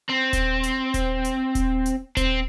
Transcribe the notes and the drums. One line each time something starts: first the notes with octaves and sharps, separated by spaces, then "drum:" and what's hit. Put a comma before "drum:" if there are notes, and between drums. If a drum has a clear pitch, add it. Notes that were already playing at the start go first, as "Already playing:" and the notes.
C4
drum: kick D#1, hi-hat
drum: hi-hat
drum: kick D#1, hi-hat
drum: hi-hat
drum: kick D#1, hi-hat
drum: hi-hat
C4, drum: kick D#1, hi-hat